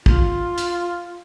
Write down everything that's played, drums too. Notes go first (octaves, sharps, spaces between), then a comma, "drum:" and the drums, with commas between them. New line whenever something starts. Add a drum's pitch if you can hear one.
F4, drum: kick
drum: hi-hat